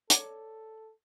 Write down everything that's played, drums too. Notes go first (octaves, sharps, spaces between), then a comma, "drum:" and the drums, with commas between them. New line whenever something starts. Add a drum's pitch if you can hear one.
A4 C#5 D5, drum: hi-hat